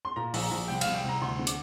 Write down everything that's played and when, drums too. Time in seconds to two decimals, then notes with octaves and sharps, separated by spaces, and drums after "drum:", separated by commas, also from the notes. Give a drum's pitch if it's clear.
0.05 C6
0.16 A#2 A#5
0.34 A#1, drum: open hi-hat
0.42 A#5
0.51 A#1
0.68 C2 G5
0.81 F5, drum: cymbal
0.86 C2
0.95 G5
1.04 C2
1.09 A#5
1.22 D2 C6
1.39 D3
1.47 D6, drum: hi-hat